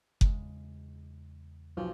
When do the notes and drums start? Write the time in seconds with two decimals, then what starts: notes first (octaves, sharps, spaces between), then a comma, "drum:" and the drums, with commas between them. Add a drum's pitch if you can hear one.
0.21 E2 C#3 G#3, drum: kick F#1
1.77 B1 F3